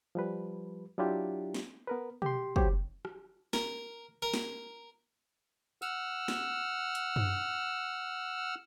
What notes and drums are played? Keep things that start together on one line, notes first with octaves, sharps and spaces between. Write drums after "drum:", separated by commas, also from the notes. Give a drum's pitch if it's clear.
F3 G3 B4
F#3 D4 E4 F4 G4
drum: snare
B3 A#4 B4
G4 C6, drum: tom B2
F#3 G4 C5 C#5, drum: kick
drum: rim click
A#4, drum: snare
A#4
drum: snare
F#5 E6 F6, drum: tambourine
drum: snare
drum: hi-hat
drum: tom F#2